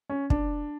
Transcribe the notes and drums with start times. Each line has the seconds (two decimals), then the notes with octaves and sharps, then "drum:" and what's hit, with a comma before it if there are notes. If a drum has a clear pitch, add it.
0.10 C#4
0.30 D4, drum: kick